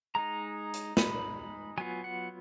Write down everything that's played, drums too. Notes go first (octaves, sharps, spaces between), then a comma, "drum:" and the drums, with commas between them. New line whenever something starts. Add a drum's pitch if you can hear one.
G#3 D#4 A#5
drum: hi-hat
B5, drum: snare
F#3 B3 F4 G#5
F#5